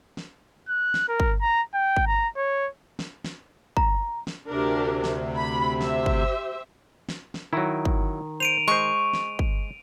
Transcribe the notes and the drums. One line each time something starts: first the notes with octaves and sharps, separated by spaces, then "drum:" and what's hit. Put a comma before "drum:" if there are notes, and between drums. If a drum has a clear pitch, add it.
drum: snare
F#6
drum: snare
A#4
drum: kick
A#5
G5
drum: kick
A#5
C#5
drum: snare
drum: snare
A#5, drum: kick
drum: snare
D2 C3 D4 G4 A#4
drum: snare
B5
G4 C5 E5, drum: snare
drum: kick
drum: snare
drum: snare
D#3 F#3 E4
drum: kick
C5 D7 D#7 F7
G#3 C5 C#6
drum: snare
drum: kick